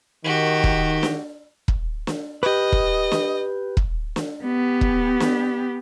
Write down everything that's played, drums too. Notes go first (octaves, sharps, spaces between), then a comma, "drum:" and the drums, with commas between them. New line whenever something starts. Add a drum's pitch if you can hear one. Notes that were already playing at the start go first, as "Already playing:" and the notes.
D#3 F#4 G4
drum: kick
drum: snare
drum: kick
drum: snare
G4 B4 D#5
drum: kick
drum: snare
drum: kick
drum: snare
B3 G4
drum: kick
drum: snare